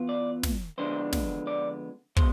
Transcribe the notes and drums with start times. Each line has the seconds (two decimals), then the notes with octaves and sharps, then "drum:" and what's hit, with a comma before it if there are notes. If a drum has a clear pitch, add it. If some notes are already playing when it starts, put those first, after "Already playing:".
Already playing: E3 B3 F4
0.09 D5
0.43 drum: snare
0.78 F2 D3 G#3 B3 D4 C5
1.13 drum: snare
1.47 D5
2.16 B2 G#3 C5, drum: kick